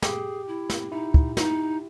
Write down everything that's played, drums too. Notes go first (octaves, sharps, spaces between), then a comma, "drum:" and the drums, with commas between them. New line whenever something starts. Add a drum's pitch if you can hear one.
G4 G#4, drum: snare
E4
drum: snare
D#4 E4
drum: kick
D#4, drum: snare